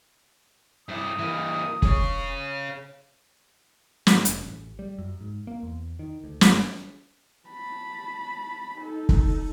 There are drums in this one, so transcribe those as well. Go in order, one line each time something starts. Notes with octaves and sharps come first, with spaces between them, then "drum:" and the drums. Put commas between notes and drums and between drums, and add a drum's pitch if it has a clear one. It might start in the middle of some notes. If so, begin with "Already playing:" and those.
G2 E4 D#6
E3 A#3
G#4 C#5, drum: kick
G#2, drum: snare
F1, drum: hi-hat
A1
G3
F#2
G#2
A#3
E2
D#3
D2
G1, drum: snare
A5 B5
D#4 A4
drum: kick